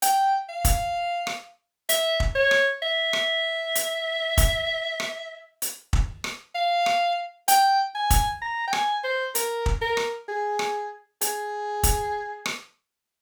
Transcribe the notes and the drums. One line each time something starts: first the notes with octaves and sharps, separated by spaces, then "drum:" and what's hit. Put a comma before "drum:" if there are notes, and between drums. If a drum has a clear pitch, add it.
G5, drum: hi-hat
F5
drum: kick, hi-hat
drum: rim click
E5, drum: hi-hat
drum: kick
C#5
drum: rim click
E5
drum: rim click
drum: hi-hat
drum: kick, hi-hat
drum: rim click
drum: hi-hat
drum: kick
drum: rim click
F5
drum: rim click
G5, drum: hi-hat
G#5
drum: kick, hi-hat
A#5
G5
G#5, drum: rim click
C5
A#4, drum: hi-hat
drum: kick
A#4
drum: rim click
G#4
drum: rim click
G#4, drum: hi-hat
drum: kick, hi-hat
drum: rim click